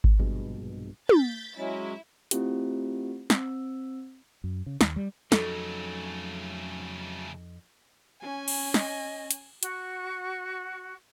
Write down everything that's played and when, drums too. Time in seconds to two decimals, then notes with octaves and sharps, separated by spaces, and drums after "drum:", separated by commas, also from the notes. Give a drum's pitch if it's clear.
0.04 drum: kick G#1
0.19 A#1 G2 B2 G#3
1.09 G6 A6 B6, drum: tom
1.57 F#3 G#3 C#4 E4
2.31 A3 C4 E4 F4 G4, drum: hi-hat
3.30 C4 E6, drum: snare
4.44 F#2
4.66 C#3
4.81 D#2, drum: snare
4.96 G3
5.32 F2 C#3 F#3 A3 D#4 A4, drum: snare
8.22 C#4 G#5
8.48 drum: cymbal
8.74 D#5, drum: snare
9.31 drum: hi-hat
9.63 F#4, drum: hi-hat